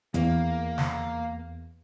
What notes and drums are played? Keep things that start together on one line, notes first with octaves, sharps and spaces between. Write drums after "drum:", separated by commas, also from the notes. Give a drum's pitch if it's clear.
E2 A#3, drum: hi-hat
drum: snare